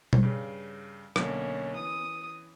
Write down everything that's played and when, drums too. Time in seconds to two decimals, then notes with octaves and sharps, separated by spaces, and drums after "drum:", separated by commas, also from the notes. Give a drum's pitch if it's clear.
0.13 drum: tom B2
0.23 G2 C#3
1.16 B1 D3 A#3 C#4, drum: rim click
1.75 E3 D#6